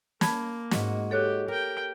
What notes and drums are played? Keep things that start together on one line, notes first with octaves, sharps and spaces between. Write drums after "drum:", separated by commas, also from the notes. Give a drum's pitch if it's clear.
A#3 A5 B5 G#6, drum: snare
G#2 G#3 F#4, drum: snare
G4 A4 C#5 F#6
G4 A#4 G5